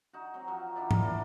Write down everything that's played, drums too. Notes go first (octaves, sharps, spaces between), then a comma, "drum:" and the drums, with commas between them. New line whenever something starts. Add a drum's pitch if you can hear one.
D#4 F#4
F#3 C4
F3 F#3 C#6
D#3 D4 E4 D5
E3 A#3 B3, drum: tom G#2
A#3 D4 A#4